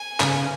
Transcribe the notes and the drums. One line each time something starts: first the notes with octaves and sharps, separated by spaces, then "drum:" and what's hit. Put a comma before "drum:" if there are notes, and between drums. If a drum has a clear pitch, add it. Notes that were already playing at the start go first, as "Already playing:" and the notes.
Already playing: G#5
C#3, drum: clap